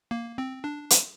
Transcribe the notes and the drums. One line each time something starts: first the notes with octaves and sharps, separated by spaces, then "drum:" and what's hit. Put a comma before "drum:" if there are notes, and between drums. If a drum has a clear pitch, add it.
A#3
C4
D4
drum: hi-hat